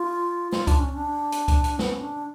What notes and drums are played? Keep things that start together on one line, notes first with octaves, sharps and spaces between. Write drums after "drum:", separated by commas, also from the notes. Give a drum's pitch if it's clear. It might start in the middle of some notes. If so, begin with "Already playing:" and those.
Already playing: F4
F4, drum: snare
D4, drum: kick C#2, hi-hat
C#4
D4
drum: hi-hat
drum: kick C#2, hi-hat
drum: hi-hat
B3, drum: snare
C#4
D4